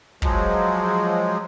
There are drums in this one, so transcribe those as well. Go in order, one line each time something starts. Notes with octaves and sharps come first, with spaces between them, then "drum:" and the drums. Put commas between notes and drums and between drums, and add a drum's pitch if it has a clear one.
F3 F#3 G#3, drum: kick